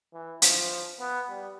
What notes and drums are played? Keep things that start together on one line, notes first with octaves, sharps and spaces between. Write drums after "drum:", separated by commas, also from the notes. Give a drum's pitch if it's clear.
E3
F3, drum: hi-hat
B3
G3